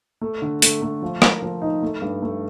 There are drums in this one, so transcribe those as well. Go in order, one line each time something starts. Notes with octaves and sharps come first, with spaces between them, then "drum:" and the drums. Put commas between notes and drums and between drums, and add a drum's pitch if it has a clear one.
A3
D3
A3, drum: hi-hat
A3
F3
A#4, drum: rim click
F3
D#4
A3
G2
A3